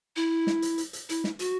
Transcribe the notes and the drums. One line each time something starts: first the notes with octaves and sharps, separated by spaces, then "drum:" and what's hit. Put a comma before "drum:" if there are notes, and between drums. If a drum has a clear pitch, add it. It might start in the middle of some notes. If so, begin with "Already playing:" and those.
E4
drum: snare
drum: hi-hat
drum: hi-hat
drum: hi-hat
E4, drum: hi-hat
drum: snare
F#4, drum: hi-hat